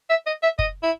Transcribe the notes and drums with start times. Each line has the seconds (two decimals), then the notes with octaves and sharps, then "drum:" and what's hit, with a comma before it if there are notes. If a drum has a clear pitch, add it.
0.10 E5
0.27 D#5
0.43 E5
0.59 D#5, drum: kick
0.83 E4